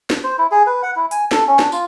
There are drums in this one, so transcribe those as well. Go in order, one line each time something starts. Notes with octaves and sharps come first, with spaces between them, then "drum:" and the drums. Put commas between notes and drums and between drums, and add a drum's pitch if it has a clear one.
drum: snare
C5
E4
G#4
B4
F#5
E4
G#5, drum: hi-hat
A4, drum: snare
C#4
D4, drum: snare
F4, drum: tambourine